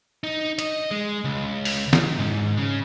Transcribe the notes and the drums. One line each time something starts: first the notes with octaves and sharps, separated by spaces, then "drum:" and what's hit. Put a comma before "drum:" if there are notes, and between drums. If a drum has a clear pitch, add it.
D#4
D#5, drum: hi-hat
G#3
C#2
drum: open hi-hat
drum: snare
G#2
C#3